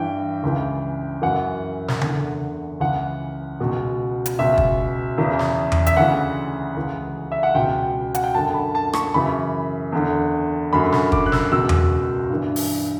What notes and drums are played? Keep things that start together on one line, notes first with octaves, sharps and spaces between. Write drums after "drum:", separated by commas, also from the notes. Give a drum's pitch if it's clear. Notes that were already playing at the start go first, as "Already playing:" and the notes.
Already playing: G2 E3 G5
C#2 C#3 E3
F#2 E3 F#5
drum: snare
E2 D3, drum: tom C#3
C#2 C#3 E3 F#5
C#2 B2
drum: hi-hat
C#2 B2 E5
drum: kick
E2 C#3 E3
drum: snare
drum: tom E2
E5, drum: hi-hat
D2 C#3 E3 F#5
C#2 C#3 E3
E5
F#5
C#2 B2 G5
F#5, drum: hi-hat
G5
F#2 D3 A5
B5
A5
C#6, drum: rim click
F#2 C#3 E3 B5
E2 D3
F#2 D3 B5
B5, drum: snare
D6, drum: kick
F#6
E6, drum: snare
C#2 B2 E6
drum: tom E2
G2 E3
drum: open hi-hat